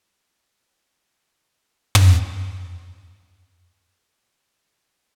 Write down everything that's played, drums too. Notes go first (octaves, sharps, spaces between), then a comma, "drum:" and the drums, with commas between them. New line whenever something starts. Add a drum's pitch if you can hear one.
B4 D5 F5
F#3 C4 B5
drum: tom
F3 D#4 A5 B5 C6